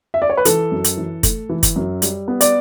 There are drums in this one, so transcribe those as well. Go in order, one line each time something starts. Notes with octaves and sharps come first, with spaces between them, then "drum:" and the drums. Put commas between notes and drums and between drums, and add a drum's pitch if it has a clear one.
E5
D5
C#5
B4
E3 A4, drum: hi-hat
F#2
drum: hi-hat
E3
A3, drum: kick F#1, hi-hat
E3
drum: kick F#1, hi-hat
F#2
G3, drum: hi-hat
B3
D5, drum: hi-hat